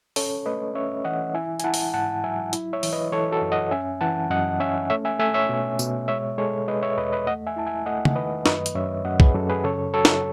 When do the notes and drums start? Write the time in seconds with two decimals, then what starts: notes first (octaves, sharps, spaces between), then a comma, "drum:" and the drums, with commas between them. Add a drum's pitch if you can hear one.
0.16 C#4 A4 C#5, drum: open hi-hat
0.46 A3 B4 D#5
0.75 C#4 C#5 E5
1.05 E3 D#5 F#5
1.34 E4 E5 G#5
1.60 G#5, drum: hi-hat
1.64 E4 F#5 A5
1.74 drum: open hi-hat
1.94 G#2 F#5 A5
2.24 F#3 E5 G#5
2.53 E4, drum: hi-hat
2.73 C#5 E5
2.83 E3, drum: open hi-hat
2.93 B4 D#5
3.12 E3 A4 C#5
3.32 F#4 A4
3.42 F#2
3.52 D#5 F#5
3.71 C#4 E5 G#5
4.01 E3 F#5 A5
4.31 F#2 D#5 F#5
4.60 C#4 E5 G#5
4.90 A3 C#5 E5
5.05 E5 G#5
5.19 A3 E5 G#5
5.34 C#5 E5
5.49 B2
5.79 B2, drum: tambourine
6.08 G#3 C#5 E5
6.38 G#3 A4 C#5
6.68 G#3 B4 D#5
6.83 C#5 E5
6.97 E2 B4 D#5
7.12 B4 D#5
7.27 A3 D#5 F#5
7.47 E5 G#5
7.56 E4 A5
7.66 E5 G#5
7.86 A3 D#5 F#5
8.05 drum: tom
8.16 D#3 B4 D#5
8.46 F#2 B4 D#5, drum: snare
8.66 drum: hi-hat
8.75 F#2 C#5 E5
9.05 F#2 D#5 F#5
9.20 G#4 B4, drum: kick
9.35 F#2 F#4 A4
9.50 G#4 B4
9.64 C#3 A4 C#5
9.94 F#3 A4 C#5
10.05 drum: snare